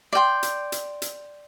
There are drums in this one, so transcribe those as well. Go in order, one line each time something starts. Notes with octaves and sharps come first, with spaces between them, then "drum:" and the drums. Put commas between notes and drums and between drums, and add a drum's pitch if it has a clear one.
D5 G5 C6
drum: hi-hat
drum: hi-hat
drum: hi-hat